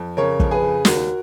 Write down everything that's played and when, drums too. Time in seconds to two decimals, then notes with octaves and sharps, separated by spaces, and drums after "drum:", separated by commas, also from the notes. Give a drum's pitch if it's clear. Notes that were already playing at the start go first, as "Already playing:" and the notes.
Already playing: F2
0.17 C#3 A#4 C#5
0.40 F2, drum: kick
0.51 G#4 B4
0.62 C#3
0.85 D#2 F#4 A#4, drum: snare